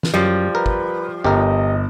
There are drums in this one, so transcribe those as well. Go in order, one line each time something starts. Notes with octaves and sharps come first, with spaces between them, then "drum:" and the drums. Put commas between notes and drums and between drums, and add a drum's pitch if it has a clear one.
drum: snare
F#2 F3 G3
A#4 B4
drum: kick
G1 G4 A#4 D#5